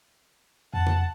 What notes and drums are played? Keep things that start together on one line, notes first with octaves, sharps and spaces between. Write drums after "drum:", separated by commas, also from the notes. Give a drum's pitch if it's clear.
F2 F#5 A5
drum: tom C#3